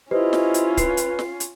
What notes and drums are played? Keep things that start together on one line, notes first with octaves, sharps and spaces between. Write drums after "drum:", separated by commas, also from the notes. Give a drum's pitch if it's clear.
C#4 E4 F4 G4 B4 C5 D#5
drum: snare
drum: hi-hat
B4 C7, drum: kick C#1, hi-hat
drum: hi-hat
drum: snare
drum: hi-hat